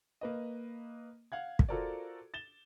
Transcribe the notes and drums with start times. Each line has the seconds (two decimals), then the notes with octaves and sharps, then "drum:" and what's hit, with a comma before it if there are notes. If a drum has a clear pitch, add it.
0.21 A#3 B4 D#5
1.32 F5 F#5 G#6
1.59 drum: kick
1.69 F4 F#4 A4 A#4 C5 D5
2.34 A6 E7 G7